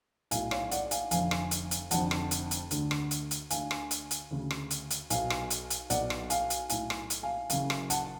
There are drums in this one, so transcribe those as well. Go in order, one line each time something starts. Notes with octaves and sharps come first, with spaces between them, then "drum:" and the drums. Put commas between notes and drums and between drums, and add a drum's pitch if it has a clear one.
B1 A2 F5 G#5, drum: hi-hat
C#5 F5, drum: rim click
D5 F#5, drum: hi-hat
F5 G#5, drum: hi-hat
F1 F2 D3 F5 G#5, drum: hi-hat
drum: rim click
drum: hi-hat
drum: hi-hat
F1 F2 D3 F#5 A5, drum: hi-hat
drum: rim click
drum: hi-hat
drum: hi-hat
D2 D3, drum: hi-hat
drum: rim click
drum: hi-hat
drum: hi-hat
D2 D3 F5 G#5, drum: hi-hat
drum: rim click
drum: hi-hat
drum: hi-hat
D2 C#3
drum: rim click
drum: hi-hat
drum: hi-hat
B1 B2 F5 G#5, drum: hi-hat
drum: rim click
drum: hi-hat
drum: hi-hat
B1 B2 D5 F#5, drum: hi-hat
drum: rim click
F5 G#5, drum: hi-hat
drum: hi-hat
B1 A2 F5 G#5, drum: hi-hat
drum: rim click
drum: hi-hat
F5 G#5
F#1 F#2 C#3 F5 G#5, drum: hi-hat
drum: rim click
F#5 A5, drum: hi-hat